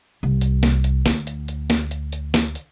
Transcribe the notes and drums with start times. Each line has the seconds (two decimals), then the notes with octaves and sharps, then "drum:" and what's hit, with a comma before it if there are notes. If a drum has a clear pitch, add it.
0.23 C2
0.41 drum: hi-hat
0.63 drum: snare
0.84 drum: hi-hat
1.06 D2, drum: snare
1.27 drum: hi-hat
1.48 drum: hi-hat
1.70 drum: snare
1.91 drum: hi-hat
2.13 drum: hi-hat
2.34 drum: snare
2.55 drum: hi-hat